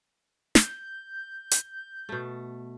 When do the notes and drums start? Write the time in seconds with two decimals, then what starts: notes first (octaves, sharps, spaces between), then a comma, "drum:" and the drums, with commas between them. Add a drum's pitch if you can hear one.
0.55 G6, drum: snare
1.51 drum: hi-hat
2.09 B2 A3